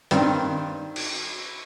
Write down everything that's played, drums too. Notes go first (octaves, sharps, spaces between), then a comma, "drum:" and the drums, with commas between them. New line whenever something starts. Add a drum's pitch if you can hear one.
G2 D#3 G3 C4, drum: hi-hat
drum: cymbal